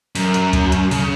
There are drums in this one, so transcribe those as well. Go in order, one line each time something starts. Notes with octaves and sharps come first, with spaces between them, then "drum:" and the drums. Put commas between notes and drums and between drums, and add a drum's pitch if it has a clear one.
F#2, drum: open hi-hat
drum: hi-hat
drum: kick D2, hi-hat
drum: hi-hat
C#3, drum: open hi-hat